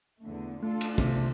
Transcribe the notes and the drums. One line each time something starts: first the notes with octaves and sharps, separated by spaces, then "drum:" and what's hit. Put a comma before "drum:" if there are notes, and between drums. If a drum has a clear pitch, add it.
E2 D3 A3
A3 D4 F4 A4
drum: cymbal
C3, drum: kick